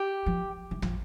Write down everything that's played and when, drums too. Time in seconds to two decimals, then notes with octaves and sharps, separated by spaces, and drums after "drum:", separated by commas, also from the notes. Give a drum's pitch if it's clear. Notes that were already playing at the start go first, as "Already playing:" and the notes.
Already playing: G4
0.26 F3
0.71 E3
0.82 F3, drum: tom